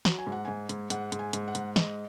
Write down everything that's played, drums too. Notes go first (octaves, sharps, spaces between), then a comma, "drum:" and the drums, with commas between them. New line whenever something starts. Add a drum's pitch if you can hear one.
F#3, drum: snare
G#5
G#2
F#5
G#2 G#5
G#2, drum: hi-hat
G#2 F#5, drum: hi-hat
G#2, drum: hi-hat
G#5
G#2, drum: hi-hat
F#5
G#2, drum: hi-hat
G#2 D#5, drum: snare